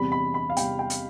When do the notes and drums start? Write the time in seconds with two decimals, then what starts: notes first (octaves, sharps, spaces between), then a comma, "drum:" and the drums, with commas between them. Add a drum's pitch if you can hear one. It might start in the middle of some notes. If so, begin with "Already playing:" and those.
Already playing: E2 C3 G3 C4 B5
0.12 B5
0.34 B5
0.50 F5
0.57 E2 C3 G3 C4 G5, drum: hi-hat
0.79 G5
0.90 drum: hi-hat